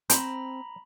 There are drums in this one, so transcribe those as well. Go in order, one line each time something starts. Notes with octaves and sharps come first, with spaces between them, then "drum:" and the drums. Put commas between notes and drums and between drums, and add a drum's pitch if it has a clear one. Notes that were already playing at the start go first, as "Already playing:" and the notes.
C4 C5 A#5 B5, drum: hi-hat